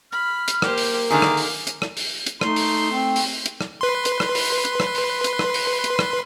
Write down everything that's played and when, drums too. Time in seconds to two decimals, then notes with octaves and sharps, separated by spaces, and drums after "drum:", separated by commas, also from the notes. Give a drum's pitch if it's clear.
0.12 B5 F6
0.48 drum: hi-hat
0.62 A#3 G4 C5, drum: rim click
0.78 drum: open hi-hat
1.10 D3 D#3 G#4 F5 A#5 D6
1.22 drum: rim click
1.37 drum: open hi-hat
1.67 drum: hi-hat
1.82 drum: rim click
1.97 drum: open hi-hat
2.26 drum: hi-hat
2.41 A3 D#4 C6, drum: rim click
2.56 drum: open hi-hat
2.92 C4
3.16 drum: open hi-hat
3.46 drum: hi-hat
3.61 drum: rim click
3.81 B4 C6
4.05 drum: hi-hat
4.20 drum: rim click
4.35 drum: open hi-hat
4.65 drum: hi-hat
4.80 drum: rim click
4.95 drum: open hi-hat
5.24 drum: hi-hat
5.39 drum: rim click
5.54 drum: open hi-hat
5.84 drum: hi-hat
5.99 drum: rim click